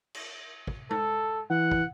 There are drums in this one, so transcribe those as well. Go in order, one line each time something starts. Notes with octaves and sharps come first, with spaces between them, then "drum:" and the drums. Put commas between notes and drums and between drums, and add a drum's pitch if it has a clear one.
drum: cymbal
drum: kick
A4, drum: tom G#3
E3 F#5
drum: kick